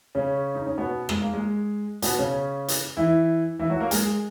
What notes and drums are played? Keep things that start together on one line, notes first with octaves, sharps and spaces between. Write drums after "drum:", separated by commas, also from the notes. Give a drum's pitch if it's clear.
C#3 C#4
D#4
C#4
B2 B3
G#3, drum: rim click
A#3
G#3
B2 B3, drum: hi-hat
C#3 C#4
drum: hi-hat
E3 E4
E3 E4
F#3 F#4
A#3 A#4
G#3 G#4, drum: hi-hat